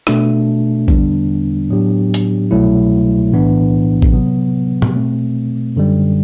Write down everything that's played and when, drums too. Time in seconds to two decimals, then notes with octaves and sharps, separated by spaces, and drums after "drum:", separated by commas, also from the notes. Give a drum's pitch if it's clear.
0.07 B2 A3 D4, drum: rim click
0.88 E2 D3 G3 B3 D4, drum: kick A1
1.70 A2 F#3 B3 D4 G4
2.14 drum: hi-hat
2.51 C2 B2 F#3 A3 E4
3.32 B1 A2 E3 B3 D4
4.02 drum: kick A1
4.13 C3 F#3 B3
4.82 drum: tom
4.95 B2 A3 C4
5.76 F#2 D3 G3